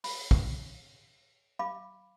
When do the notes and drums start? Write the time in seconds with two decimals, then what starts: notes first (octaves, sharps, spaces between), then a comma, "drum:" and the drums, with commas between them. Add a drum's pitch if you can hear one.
0.04 B5, drum: open hi-hat
0.31 drum: kick A#1
1.59 F5 B5 D6